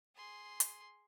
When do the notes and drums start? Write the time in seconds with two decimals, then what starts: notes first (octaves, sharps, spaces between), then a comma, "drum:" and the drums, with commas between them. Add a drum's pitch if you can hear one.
0.16 G#4 C6
0.60 drum: hi-hat